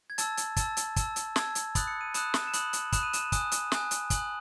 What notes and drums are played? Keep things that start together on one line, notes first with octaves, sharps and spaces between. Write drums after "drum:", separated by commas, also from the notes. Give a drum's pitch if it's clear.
G#6
A5 E6 A6, drum: hi-hat
drum: hi-hat
A5 E6 A6, drum: kick, hi-hat
drum: hi-hat
A5 E6, drum: kick, hi-hat
drum: hi-hat
A5 E6 G#6, drum: snare
drum: hi-hat
B5 D#6 F#6 A6, drum: kick, hi-hat
C#7
D#7
B5 D#6 F#6 E7, drum: hi-hat
drum: snare
E7
B5 D#6 F#6 F#7, drum: hi-hat
drum: hi-hat
B5 D#6 F#6 E7, drum: kick, hi-hat
D#7
E7, drum: hi-hat
G#5 D#6 F#6, drum: kick, hi-hat
drum: hi-hat
G#5 D#6 F#6, drum: snare
drum: hi-hat
G#5 D#6 F#6 F#7, drum: kick, hi-hat